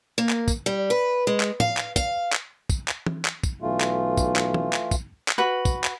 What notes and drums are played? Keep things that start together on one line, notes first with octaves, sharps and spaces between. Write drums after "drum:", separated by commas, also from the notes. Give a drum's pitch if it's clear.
A#3
drum: clap
drum: kick, tambourine
G3
B4
G#3
drum: clap
F5, drum: tom
drum: clap
F5, drum: kick, tambourine
drum: clap
drum: kick, tambourine
drum: clap
drum: tom E3
drum: clap
drum: kick, tambourine
B1 E3 A3 F4
drum: clap
drum: kick, tambourine
drum: clap
drum: tom E3
drum: clap
drum: kick, tambourine
drum: clap
F#4 B4
drum: kick, tambourine
drum: clap